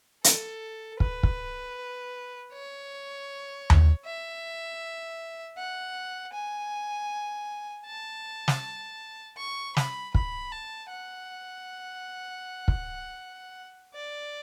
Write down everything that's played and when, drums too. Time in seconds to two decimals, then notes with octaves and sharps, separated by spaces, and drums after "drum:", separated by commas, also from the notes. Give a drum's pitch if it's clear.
0.24 A4, drum: hi-hat
1.00 B4, drum: kick
1.23 drum: kick
2.53 C#5
3.70 drum: tom D#2
4.05 E5
5.57 F#5
6.33 G#5
7.86 A5
8.48 drum: snare
9.38 C#6
9.77 B5, drum: snare
10.15 B5, drum: kick
10.52 A5
10.90 F#5
12.68 drum: kick
13.95 D5